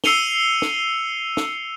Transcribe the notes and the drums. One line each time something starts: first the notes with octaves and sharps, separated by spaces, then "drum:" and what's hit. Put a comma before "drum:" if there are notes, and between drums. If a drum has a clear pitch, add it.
E6 C7 C#7 D#7 F7 G7, drum: snare
drum: snare
drum: snare